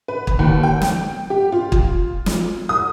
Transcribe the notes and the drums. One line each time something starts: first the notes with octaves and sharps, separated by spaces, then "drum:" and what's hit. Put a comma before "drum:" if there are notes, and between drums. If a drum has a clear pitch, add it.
B4
drum: kick
D#2
G5
drum: snare
G4
F4
drum: kick
drum: snare
D#6